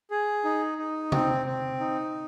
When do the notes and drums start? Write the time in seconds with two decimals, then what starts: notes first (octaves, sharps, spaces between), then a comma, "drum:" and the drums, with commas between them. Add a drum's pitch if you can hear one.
0.11 G#4
0.45 D#4
0.78 D#4
1.12 C4, drum: tom C3
1.46 C4
1.80 D#4